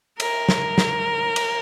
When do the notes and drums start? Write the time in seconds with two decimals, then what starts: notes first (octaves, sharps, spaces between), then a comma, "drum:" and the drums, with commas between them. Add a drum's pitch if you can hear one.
0.20 A#4, drum: cymbal
0.49 drum: snare
0.78 drum: snare
1.36 drum: cymbal